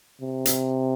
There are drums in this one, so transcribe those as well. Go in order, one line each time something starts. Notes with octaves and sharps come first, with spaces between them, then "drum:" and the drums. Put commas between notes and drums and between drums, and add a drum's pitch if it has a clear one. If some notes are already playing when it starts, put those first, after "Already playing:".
C3
drum: hi-hat